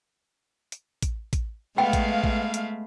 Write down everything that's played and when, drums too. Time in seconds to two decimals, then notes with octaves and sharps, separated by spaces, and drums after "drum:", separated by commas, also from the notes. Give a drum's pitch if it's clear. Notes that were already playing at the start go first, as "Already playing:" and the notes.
0.72 drum: hi-hat
1.02 drum: kick, hi-hat
1.33 drum: kick, hi-hat
1.78 G#3 A3 B3 F5 G5
1.93 drum: kick, hi-hat
2.24 drum: kick
2.54 drum: hi-hat